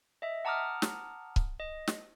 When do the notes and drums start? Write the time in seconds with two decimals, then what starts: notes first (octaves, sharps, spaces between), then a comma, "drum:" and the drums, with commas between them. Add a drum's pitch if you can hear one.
0.22 D#5 E5
0.45 F#5 A5 A#5 D6 D#6 F6
0.82 drum: snare
1.36 drum: kick C#1
1.60 D#5
1.87 drum: snare